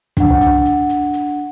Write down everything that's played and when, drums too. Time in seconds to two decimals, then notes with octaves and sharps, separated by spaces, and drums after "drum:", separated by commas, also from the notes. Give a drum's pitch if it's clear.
0.17 D4 F#5, drum: kick, hi-hat
0.41 drum: hi-hat
0.65 drum: hi-hat
0.89 drum: hi-hat
1.13 drum: hi-hat